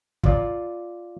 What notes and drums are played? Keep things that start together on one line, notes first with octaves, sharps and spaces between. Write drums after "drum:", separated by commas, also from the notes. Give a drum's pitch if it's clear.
F4 D5, drum: kick